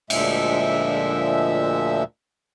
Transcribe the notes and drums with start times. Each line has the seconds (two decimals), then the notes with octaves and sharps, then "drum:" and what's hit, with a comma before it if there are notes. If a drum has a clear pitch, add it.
0.10 D2 A#2 F3 G#3 E5, drum: cymbal